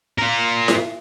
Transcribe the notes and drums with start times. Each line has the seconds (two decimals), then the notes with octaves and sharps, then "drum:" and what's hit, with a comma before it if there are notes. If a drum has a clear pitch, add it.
0.18 F4 A#4
0.68 drum: snare E4